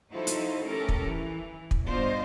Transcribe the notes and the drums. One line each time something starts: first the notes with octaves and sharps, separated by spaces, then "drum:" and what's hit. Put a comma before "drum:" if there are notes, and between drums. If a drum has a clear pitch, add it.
F3 D#4 E4 F#4 A4 C5
drum: hi-hat
A3 C#4 G4 A4 A#4
drum: kick
E3
drum: kick
G2 B2 D4 F4 C5 D#5